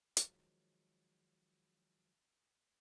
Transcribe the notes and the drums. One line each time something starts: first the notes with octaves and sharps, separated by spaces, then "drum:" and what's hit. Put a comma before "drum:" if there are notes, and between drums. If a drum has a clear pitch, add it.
D#3 F3 F#3 G#3, drum: hi-hat